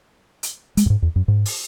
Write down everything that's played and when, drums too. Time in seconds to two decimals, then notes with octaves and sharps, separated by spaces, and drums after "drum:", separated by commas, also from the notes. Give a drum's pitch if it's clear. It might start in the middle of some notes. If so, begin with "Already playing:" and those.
0.43 drum: hi-hat
0.77 G#3, drum: hi-hat
0.86 F#2
0.90 G#2
1.02 E2
1.16 F#2
1.28 G#2
1.45 drum: open hi-hat